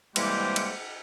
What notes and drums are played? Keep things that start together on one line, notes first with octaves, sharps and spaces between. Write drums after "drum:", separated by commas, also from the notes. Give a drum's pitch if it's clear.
C3 E3 G3 G#3 A#3 G4, drum: cymbal
drum: cymbal